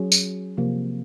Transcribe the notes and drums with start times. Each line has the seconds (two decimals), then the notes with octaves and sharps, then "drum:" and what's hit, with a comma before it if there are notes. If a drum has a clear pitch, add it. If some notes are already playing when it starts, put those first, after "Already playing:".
Already playing: F#3 C#4 G#4
0.12 drum: tambourine
0.57 C3 F3 A#3